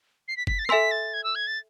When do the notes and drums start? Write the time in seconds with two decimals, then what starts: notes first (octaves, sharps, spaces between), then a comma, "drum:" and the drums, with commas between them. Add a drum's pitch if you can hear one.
0.28 C7
0.37 B6
0.47 B6, drum: kick F#1
0.59 A6
0.65 C7
0.69 A4 E5 G#5 C6 E6 B6, drum: rim click
0.91 A6
1.13 G#6
1.24 E6
1.35 G#6
1.47 A6